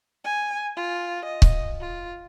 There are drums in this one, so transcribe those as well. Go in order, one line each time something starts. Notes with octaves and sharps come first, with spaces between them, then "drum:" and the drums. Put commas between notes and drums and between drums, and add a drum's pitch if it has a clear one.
G#5
F4
D#5
drum: kick C#1
F4